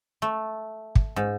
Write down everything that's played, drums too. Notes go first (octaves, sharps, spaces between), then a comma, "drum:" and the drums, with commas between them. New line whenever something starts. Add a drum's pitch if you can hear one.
A3
drum: kick
G#2